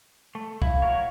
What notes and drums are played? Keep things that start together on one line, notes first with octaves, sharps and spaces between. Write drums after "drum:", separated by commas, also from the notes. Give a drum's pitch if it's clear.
A3
E4 F5, drum: kick
F#4 A#4 C#5